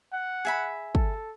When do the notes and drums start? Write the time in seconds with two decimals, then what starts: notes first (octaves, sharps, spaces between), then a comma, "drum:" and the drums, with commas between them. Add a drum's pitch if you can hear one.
0.13 F#5
0.45 G#4 E5 B5
0.95 A4, drum: kick